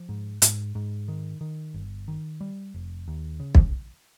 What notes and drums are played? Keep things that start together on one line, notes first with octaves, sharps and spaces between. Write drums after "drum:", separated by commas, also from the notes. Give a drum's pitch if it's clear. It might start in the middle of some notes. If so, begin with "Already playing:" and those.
Already playing: F3
G#2
G#2, drum: hi-hat
G#2
D#3
D#3
G1
D#3
G3
F1
D#2
C#3
drum: kick